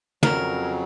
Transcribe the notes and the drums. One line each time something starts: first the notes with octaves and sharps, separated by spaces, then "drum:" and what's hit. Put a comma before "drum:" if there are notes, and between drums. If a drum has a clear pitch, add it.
F2 C#3 F#3 A#4, drum: snare